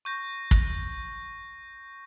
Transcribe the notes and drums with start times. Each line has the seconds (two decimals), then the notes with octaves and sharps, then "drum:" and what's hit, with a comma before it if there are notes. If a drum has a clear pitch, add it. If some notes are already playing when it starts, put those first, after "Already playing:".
0.05 C#6 G6 A#6
0.51 drum: kick